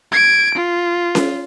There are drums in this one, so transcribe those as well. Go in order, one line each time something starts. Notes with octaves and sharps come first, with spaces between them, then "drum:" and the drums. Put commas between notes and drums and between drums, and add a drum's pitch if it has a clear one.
G#6 D7
F4
drum: snare C#4